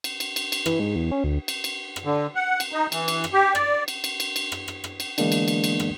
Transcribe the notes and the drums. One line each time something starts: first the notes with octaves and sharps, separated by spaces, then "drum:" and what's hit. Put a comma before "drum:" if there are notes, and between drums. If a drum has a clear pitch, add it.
drum: cymbal
drum: cymbal
drum: cymbal
drum: cymbal
E3, drum: rim click
G#2
E2
C#4
D2
drum: cymbal
drum: cymbal
drum: rim click
D3
F#5
drum: cymbal
D#4
E3, drum: cymbal
drum: cymbal
drum: rim click
G4
D5, drum: rim click
drum: cymbal
drum: cymbal
drum: cymbal
drum: cymbal
drum: rim click
drum: rim click
drum: rim click
drum: cymbal
D3 E3 G#3 A#3 B3 D4, drum: cymbal
drum: cymbal
drum: cymbal
drum: cymbal
drum: rim click